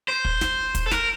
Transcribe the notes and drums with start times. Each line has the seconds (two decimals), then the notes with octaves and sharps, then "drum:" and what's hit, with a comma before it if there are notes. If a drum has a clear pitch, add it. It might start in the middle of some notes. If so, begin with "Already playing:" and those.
0.08 C5
0.25 drum: kick
0.41 drum: snare
0.75 drum: kick, hi-hat
0.86 A4
0.91 A#4, drum: snare